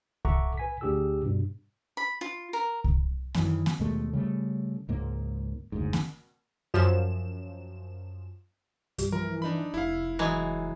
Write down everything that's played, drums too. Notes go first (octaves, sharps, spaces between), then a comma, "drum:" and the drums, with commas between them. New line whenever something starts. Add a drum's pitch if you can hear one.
A4 E5 F#5 A#5 C#6 D6, drum: kick C2
B4 G#5 B6
D2 D4 G4 G#4 E6
G2 B2
B5
F4
A#4
drum: kick C2
F#2 D#3 E3, drum: snare A#3
drum: snare A#3
D#2 B2 G#3 A3
C#3 G3 A3
C#2 G#2 A#3
F#1 D2 G#2
drum: snare A#3
F#2 F3 E7
B1 G2 G3, drum: hi-hat
E3 F3 A#4
D4 D#4 B5
F1 E4 F5
E3 F#3 G#3 D#5 A#5